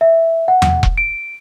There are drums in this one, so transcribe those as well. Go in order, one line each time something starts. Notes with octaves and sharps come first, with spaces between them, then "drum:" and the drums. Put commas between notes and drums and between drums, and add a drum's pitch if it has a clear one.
E5
F#5
drum: tom E2
drum: kick E1
D7